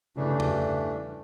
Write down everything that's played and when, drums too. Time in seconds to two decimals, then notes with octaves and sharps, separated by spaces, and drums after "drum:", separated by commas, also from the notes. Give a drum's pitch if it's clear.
0.16 G2 C#3 E3 A3 D4
0.40 drum: tom E2